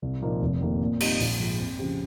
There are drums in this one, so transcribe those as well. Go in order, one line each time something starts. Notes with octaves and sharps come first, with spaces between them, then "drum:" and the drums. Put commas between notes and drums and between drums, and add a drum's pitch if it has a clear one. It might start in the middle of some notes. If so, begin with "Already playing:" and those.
C2
A#2 F3 A#3 D#4
F1
F2 C3 D#3 A#3
A#2
G3 C4 D#4, drum: cymbal
A#1, drum: open hi-hat
G#2 F3 G#3
F2
C#3 F3 C4 G4